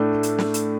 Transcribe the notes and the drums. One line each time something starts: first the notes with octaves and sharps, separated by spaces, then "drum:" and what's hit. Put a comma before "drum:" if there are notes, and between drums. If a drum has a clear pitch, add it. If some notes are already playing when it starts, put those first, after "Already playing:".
Already playing: A2 A3 D4
drum: hi-hat
drum: snare
drum: hi-hat